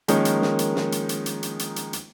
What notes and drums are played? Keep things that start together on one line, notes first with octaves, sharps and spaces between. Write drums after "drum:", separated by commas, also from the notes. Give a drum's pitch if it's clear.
D#3 F3 G#3 A#3 C#4 D#4, drum: hi-hat
drum: hi-hat
drum: snare
drum: hi-hat
drum: snare
drum: hi-hat
drum: hi-hat
drum: hi-hat
drum: hi-hat
drum: hi-hat
drum: hi-hat
drum: hi-hat